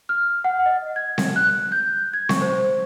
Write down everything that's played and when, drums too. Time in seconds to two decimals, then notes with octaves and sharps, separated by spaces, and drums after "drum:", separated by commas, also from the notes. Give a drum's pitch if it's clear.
0.09 F6
0.44 F#5
0.66 D#5
0.96 G#6
1.18 drum: snare C4
1.36 F#6
1.72 G6
2.14 G#6
2.29 C#6, drum: snare C4
2.42 C5